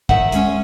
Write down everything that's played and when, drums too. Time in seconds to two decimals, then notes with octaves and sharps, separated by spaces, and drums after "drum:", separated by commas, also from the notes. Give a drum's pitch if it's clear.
0.09 D#3 E5 F#5, drum: kick
0.32 G#3 C#4, drum: hi-hat